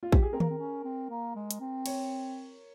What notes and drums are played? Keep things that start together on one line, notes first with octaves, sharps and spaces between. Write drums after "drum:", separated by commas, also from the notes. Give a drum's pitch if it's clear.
F4
G4, drum: kick A#1
G#4
C4 A#4
A#3, drum: tom D#3
C4
C#4
C4
A#3
G#3
drum: hi-hat
C4
C#5, drum: cymbal